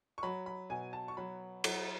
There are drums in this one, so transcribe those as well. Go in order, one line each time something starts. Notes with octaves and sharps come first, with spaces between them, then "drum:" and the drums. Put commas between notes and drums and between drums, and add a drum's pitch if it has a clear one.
C#6
F#3 B5
B5
B2 G#5
A5
C#6
F#3 B5
F#3, drum: cymbal